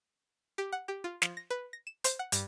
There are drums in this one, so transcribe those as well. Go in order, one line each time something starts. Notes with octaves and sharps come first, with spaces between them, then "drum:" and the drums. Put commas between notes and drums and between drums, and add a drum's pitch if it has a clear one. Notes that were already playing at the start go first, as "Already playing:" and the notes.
G4
F#5
G4
F4
F3, drum: snare
A#6
B4
A#6
E7
C5, drum: hi-hat
F#5
G2, drum: hi-hat